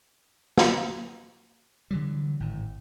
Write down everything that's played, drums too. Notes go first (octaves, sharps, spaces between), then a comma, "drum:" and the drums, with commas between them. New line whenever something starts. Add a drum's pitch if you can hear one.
drum: snare
D3 E3 F#3 G3
G#1 A2